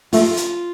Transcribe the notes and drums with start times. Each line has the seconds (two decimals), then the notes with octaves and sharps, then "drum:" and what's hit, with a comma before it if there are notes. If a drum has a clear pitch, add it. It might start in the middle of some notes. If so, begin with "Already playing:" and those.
0.13 A3 F4, drum: open hi-hat
0.37 drum: hi-hat